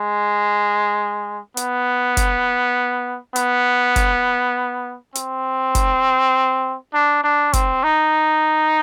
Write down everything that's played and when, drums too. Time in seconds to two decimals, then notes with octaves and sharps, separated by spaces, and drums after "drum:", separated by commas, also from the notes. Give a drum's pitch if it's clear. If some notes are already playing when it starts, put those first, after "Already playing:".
Already playing: G#3
1.57 B3, drum: hi-hat
2.17 drum: kick, hi-hat
3.36 B3, drum: hi-hat
3.96 drum: kick, hi-hat
5.15 C4, drum: hi-hat
5.75 drum: kick, hi-hat
6.94 D4
7.24 D4
7.53 C4, drum: kick, hi-hat
7.84 D#4